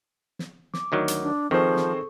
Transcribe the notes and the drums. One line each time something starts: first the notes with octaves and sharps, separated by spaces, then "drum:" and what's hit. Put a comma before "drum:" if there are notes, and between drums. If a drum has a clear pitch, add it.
drum: snare
D6, drum: snare
D2 D#3 F#3
drum: hi-hat
D4
D#3 F3 C4 G#4 A4 C5 C#6
drum: snare